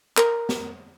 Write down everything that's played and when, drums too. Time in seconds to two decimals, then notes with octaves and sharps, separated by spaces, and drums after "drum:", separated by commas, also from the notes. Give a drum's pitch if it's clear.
0.17 A#4, drum: clap
0.49 drum: snare